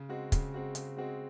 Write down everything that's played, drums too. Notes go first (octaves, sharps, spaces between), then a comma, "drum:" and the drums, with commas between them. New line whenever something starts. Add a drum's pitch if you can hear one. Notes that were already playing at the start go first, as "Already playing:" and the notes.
Already playing: C#3
G#3 C4 F#4
C#3, drum: kick, hi-hat
G#3 C4 F#4
C#3, drum: hi-hat
G#3 C4 F#4